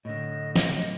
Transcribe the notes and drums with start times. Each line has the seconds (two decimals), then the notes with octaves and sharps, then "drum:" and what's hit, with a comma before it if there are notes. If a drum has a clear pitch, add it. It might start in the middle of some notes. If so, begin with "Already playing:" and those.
0.05 A2 D3 D#5
0.56 drum: snare